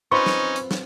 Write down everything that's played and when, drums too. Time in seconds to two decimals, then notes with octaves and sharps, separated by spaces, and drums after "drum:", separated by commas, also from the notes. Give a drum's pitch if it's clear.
0.11 C4 C#4 D#4 F4 B4 C#6
0.26 drum: snare
0.56 drum: hi-hat
0.71 drum: snare